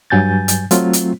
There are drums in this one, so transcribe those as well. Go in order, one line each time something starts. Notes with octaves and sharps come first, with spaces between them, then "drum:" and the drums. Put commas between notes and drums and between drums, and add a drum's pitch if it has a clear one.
G2 F#3 G#5 G6 A6
drum: hi-hat
F#3 A3 C4 F4, drum: hi-hat
drum: hi-hat